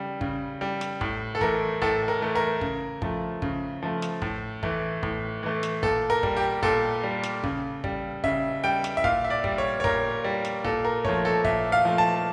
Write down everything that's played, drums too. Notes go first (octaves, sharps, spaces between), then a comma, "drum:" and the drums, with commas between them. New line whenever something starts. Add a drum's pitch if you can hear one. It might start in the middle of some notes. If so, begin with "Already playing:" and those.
Already playing: C#3 G3
C#3, drum: kick
G3
drum: snare
A2, drum: kick
A4
E3 A3 A#4, drum: kick
A2 A4, drum: kick
A#4
E3 A3
A#4
C#3, drum: kick
F3 A3, drum: kick
C#3, drum: kick
F3 A3
drum: snare
A2, drum: kick
E3 A3, drum: kick
A2, drum: kick
E3 A3
drum: snare
A#2 A4, drum: kick
A#4
G3, drum: kick
G4
A#2 A4, drum: kick
G3
drum: snare
C#3, drum: kick
G3, drum: kick
C#3 E5, drum: kick
G3 G5
drum: snare
E5
A#2 F5, drum: kick
E5
D5
G3, drum: kick
C#5
C#5
A#2 A#4, drum: kick
G3
drum: snare
A#2 A4, drum: kick
A#4
F3 A3 C#5, drum: kick
A4
A#2 E5, drum: kick
F5
F3 A3
A5